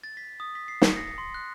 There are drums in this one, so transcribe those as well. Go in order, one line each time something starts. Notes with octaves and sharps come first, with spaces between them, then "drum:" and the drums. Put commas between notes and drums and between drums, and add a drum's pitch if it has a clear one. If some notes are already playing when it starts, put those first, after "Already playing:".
A6
B6
D#6
B6
C7
C#7, drum: snare
A#6
C6
F#6